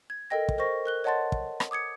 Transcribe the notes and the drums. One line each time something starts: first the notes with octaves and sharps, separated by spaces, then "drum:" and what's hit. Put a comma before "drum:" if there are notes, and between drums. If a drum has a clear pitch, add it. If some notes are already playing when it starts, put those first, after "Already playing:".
G#6
A4 A#4 D#5 G5 A#6
drum: kick
A#4 C5 D#5 C#6 A#6
A#4 F#6 G7
C#5 D#5 F#5 A5 C6 A6
drum: kick
drum: rim click
D6 D#6 G#6 C#7